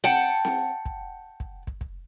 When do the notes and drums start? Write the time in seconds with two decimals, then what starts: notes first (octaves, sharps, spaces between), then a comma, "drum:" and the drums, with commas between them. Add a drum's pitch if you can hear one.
0.04 F#5 G5 A5, drum: snare C4
0.45 drum: snare C4
0.86 drum: kick
1.40 drum: kick
1.67 drum: kick
1.81 drum: kick